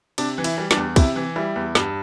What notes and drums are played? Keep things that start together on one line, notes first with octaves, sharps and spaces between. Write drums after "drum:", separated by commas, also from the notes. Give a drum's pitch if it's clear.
C3 D4, drum: cymbal
E3
E4, drum: cymbal
G3
D4, drum: snare
E2
C3 E4, drum: kick, cymbal
E3
G3 E4
E2
G2, drum: snare